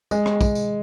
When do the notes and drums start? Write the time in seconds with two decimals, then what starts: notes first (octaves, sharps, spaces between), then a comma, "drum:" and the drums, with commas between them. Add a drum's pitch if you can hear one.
0.11 G#3, drum: tambourine
0.26 drum: rim click
0.41 drum: kick, tambourine
0.55 drum: tambourine